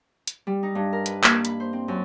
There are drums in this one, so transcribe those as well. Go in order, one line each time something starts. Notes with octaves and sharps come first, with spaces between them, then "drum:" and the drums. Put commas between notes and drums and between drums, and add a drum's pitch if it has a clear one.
drum: hi-hat
G3
D#4
G2
A#4
B4, drum: hi-hat
A#3, drum: clap
B5, drum: hi-hat
C5
C4
F#2